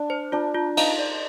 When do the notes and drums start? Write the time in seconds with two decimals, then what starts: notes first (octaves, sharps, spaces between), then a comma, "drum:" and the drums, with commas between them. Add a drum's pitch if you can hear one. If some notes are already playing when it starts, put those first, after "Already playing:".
Already playing: D4
0.10 C5
0.32 D4 F4
0.55 F4
0.77 D#4 F5, drum: cymbal
0.99 D5